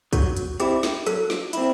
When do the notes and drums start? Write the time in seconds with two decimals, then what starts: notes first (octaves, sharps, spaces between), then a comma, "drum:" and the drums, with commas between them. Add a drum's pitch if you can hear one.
0.13 F#3 F#4, drum: kick, hi-hat
0.37 drum: hi-hat
0.60 C4 E4 G4, drum: hi-hat
0.83 drum: snare
1.06 F#3 A4, drum: hi-hat
1.30 drum: snare
1.53 C4 E4, drum: hi-hat